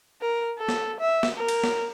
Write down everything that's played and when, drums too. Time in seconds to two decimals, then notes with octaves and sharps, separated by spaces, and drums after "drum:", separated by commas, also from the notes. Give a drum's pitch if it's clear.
0.21 A#4
0.58 A4
0.69 drum: snare
1.00 E5
1.23 drum: snare
1.37 A#4
1.48 drum: cymbal
1.64 drum: snare